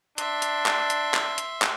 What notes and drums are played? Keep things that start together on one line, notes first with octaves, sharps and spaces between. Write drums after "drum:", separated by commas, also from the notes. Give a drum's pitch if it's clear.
D4 E5 C6, drum: hi-hat
drum: hi-hat
drum: clap
drum: hi-hat
drum: clap
drum: hi-hat
drum: clap